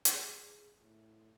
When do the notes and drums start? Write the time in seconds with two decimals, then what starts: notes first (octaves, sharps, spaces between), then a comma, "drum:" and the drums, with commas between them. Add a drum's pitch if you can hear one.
0.05 drum: hi-hat
0.17 G#4
0.80 A2